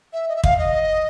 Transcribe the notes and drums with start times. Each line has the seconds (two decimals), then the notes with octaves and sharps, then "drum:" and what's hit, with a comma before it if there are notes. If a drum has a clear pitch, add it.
0.13 E5
0.28 D#5
0.36 E5
0.44 F5, drum: kick
0.59 D#5